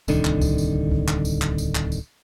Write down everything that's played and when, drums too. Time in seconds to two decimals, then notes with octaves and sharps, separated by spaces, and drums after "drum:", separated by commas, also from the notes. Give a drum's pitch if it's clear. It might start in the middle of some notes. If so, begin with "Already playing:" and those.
0.08 D1 C2 D3 D#3, drum: tambourine
0.25 drum: clap
0.41 drum: kick C2, tambourine
0.58 drum: tambourine
0.92 drum: kick C2
1.08 drum: clap
1.25 drum: tambourine
1.42 drum: clap
1.58 drum: tambourine
1.75 drum: clap
1.92 drum: tambourine